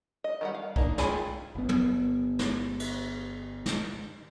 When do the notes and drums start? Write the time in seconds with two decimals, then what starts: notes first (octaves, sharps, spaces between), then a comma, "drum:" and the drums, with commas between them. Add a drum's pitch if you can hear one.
0.24 D#5
0.41 D#3 G3 F#5
0.55 F5
0.76 A#3 D4 D#4, drum: kick B1
0.98 F4 G#4 G5 G#5 B5, drum: snare
1.55 G1 B3
1.69 drum: tom
2.39 drum: snare
2.80 drum: cymbal
3.66 drum: snare